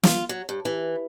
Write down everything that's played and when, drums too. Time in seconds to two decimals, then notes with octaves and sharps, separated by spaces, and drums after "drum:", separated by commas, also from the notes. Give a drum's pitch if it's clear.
0.03 F4, drum: snare
0.29 F#3
0.49 G2
0.65 E3